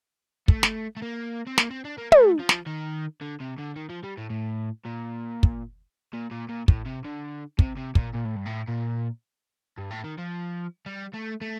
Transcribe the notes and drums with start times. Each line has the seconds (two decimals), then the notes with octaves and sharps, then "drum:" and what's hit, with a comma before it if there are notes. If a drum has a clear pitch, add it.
0.48 A3, drum: kick
0.63 drum: snare
0.97 A3
1.02 A#3
1.47 C4
1.58 A#3, drum: snare
1.71 C4
1.85 D4
1.98 A#3
2.12 A3, drum: tom
2.39 F3
2.49 drum: snare
2.67 D#3
3.21 D3
3.40 C3
3.58 D3
3.76 D#3
3.89 F3
4.03 G3
4.17 A2
4.30 A2
4.85 A#2
5.43 drum: kick
6.13 A#2
6.31 A#2
6.49 A#2
6.68 A2, drum: kick
6.85 C3
7.04 D3
7.59 C3, drum: kick
7.77 C3
7.95 A#2, drum: kick
8.13 A#2
8.24 A2
8.35 G2
8.45 A2
8.67 A#2
9.78 G2
9.91 A2
10.04 D#3
10.18 F3
10.86 G3
11.14 A3
11.41 A3